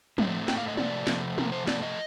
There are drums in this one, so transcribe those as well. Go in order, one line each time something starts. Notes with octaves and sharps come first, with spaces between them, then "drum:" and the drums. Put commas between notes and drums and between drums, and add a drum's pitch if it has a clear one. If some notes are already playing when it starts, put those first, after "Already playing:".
A2 A3 C4, drum: tom
A2 A3 C4 G5, drum: snare
F5
D#5
C3 F3 A3 D5, drum: tom
C3 F3 A3, drum: snare
C3 F3 A3 A#4, drum: tom
C5
C3 F3 A3 D5, drum: snare
D#5